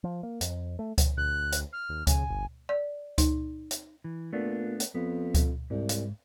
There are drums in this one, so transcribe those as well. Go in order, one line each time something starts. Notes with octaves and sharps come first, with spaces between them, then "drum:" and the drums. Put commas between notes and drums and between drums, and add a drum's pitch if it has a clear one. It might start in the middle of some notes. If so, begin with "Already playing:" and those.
F3
A#3
F2, drum: hi-hat
A3
drum: kick C#2, hi-hat
D2 F#6
drum: hi-hat
F6
D#2
C#3 G#5, drum: kick C#2, hi-hat
G1
D5
D#4, drum: kick C#2, hi-hat
drum: hi-hat
E3
A#2 A3 B3 D4
drum: hi-hat
F2 B3
drum: kick C#2, hi-hat
C2 G#2
drum: hi-hat